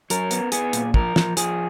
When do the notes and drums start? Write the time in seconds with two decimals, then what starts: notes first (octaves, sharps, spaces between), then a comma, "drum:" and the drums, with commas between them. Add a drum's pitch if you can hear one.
0.10 F#3 A#4, drum: hi-hat
0.31 B3, drum: hi-hat
0.52 B3 G#4, drum: hi-hat
0.73 A#2, drum: hi-hat
0.94 F3 A#4, drum: kick
1.16 F3, drum: snare
1.37 F3 G#4, drum: hi-hat